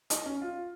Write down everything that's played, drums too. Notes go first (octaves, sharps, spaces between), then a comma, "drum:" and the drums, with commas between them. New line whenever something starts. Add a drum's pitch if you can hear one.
D#4, drum: hi-hat
C#4
F4